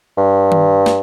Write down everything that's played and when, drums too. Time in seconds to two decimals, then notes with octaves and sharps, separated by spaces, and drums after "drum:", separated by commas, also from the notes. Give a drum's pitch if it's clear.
0.17 G2
0.52 drum: tom D#3
0.86 drum: snare